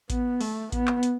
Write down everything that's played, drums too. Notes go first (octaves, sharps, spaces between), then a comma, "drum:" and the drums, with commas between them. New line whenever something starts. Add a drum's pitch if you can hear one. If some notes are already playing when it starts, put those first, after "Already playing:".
B3, drum: kick A1, hi-hat
A3, drum: open hi-hat
B3, drum: kick A1, hi-hat
drum: clap
drum: hi-hat